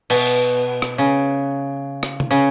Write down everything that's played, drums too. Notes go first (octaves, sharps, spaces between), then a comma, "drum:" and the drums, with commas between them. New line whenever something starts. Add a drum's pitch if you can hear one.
B2, drum: cymbal
drum: hi-hat
drum: rim click
C#3
drum: rim click
drum: tom
C#3